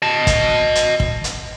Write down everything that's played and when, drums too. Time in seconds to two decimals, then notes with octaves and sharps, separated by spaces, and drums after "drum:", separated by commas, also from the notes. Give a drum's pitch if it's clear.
0.02 D#5 A5
0.27 drum: kick, hi-hat
0.75 drum: hi-hat
1.00 drum: kick
1.24 drum: hi-hat